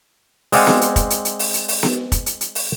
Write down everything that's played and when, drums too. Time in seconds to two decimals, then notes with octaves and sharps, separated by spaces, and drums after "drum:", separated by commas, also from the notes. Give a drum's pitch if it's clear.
0.52 G#3 C4 D5 F5 F#5 G#5, drum: open hi-hat
0.67 drum: snare B3
0.81 drum: hi-hat
0.96 drum: kick, hi-hat
1.10 drum: hi-hat
1.25 drum: hi-hat
1.39 drum: open hi-hat
1.54 drum: hi-hat
1.68 drum: open hi-hat
1.83 drum: snare B3
2.12 drum: kick, hi-hat
2.26 drum: hi-hat
2.41 drum: hi-hat
2.55 drum: open hi-hat